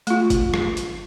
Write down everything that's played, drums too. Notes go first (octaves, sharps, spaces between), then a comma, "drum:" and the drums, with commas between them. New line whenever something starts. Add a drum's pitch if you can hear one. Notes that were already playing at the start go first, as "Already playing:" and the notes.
A3 F4, drum: hi-hat
drum: kick G1, hi-hat
drum: rim click
drum: hi-hat